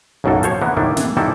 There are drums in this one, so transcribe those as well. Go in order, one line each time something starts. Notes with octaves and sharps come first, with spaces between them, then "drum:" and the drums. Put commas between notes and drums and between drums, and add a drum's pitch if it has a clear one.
B1 F#2 A2 F#3 A#3 A4
F3 C5 C#5, drum: hi-hat
D3 E3 A#3 B3
A2 D#3 G3 D4 E4
E3, drum: snare
D#3 E3 G3 C4 E4 A4